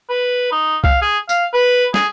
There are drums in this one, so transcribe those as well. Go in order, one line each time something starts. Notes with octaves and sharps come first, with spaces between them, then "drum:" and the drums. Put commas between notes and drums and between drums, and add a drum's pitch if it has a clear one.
B4
D#4
F5, drum: kick C2
G#4
F5, drum: tambourine
B4
G#4, drum: snare